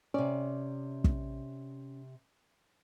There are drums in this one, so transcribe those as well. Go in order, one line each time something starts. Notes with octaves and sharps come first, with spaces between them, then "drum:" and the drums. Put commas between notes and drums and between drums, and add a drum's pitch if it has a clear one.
C3 C#4 D5
drum: kick